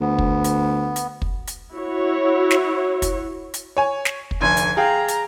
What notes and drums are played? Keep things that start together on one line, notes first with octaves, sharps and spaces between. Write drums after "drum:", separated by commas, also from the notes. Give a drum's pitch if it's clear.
D2 B3
drum: kick
drum: hi-hat
drum: hi-hat
drum: kick
drum: hi-hat
E4 F#4 C#5
drum: snare
drum: kick, hi-hat
drum: hi-hat
C#5 G#5
drum: snare
drum: kick
F1 D2 G#5
drum: hi-hat
G#4 F5 G5 A#5
drum: hi-hat